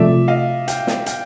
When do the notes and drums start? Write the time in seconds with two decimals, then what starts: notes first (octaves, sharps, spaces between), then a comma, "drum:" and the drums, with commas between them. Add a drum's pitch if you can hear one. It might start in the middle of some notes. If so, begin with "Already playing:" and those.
Already playing: C3 F3 A3 D5 E5
0.28 D#5 F5
0.68 F5 G5, drum: hi-hat
0.87 drum: snare
1.06 F5 G5, drum: hi-hat